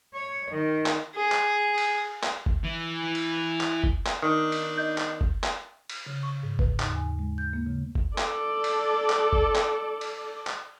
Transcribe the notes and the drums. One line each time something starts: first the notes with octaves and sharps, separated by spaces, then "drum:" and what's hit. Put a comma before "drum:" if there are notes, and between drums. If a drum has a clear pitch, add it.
C#5
D#3
drum: clap
G#4
drum: clap
drum: cymbal
drum: clap
drum: kick F#1
E3
drum: cymbal
drum: clap
drum: kick F#1
drum: clap
D#3 B3 D4 D#4
drum: cymbal
D#5 G6
drum: clap
drum: kick F#1
drum: clap
drum: cymbal
C#3
C#6
G#2
B4, drum: kick F#1
D#2, drum: clap
G#5
G#3
G6
A#3
C#3
drum: kick F#1
A4 D5, drum: clap
drum: cymbal
drum: clap
drum: kick F#1
drum: clap
drum: cymbal
drum: clap